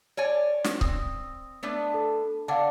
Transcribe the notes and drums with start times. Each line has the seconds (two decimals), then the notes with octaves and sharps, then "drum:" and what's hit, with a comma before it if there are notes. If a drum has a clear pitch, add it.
0.17 C#5 D5 G#5
0.64 drum: snare
0.81 C4 D#6, drum: kick C#1
1.63 A3 B3 D4
1.94 A4
2.48 D3 D4 F5 F#5 A5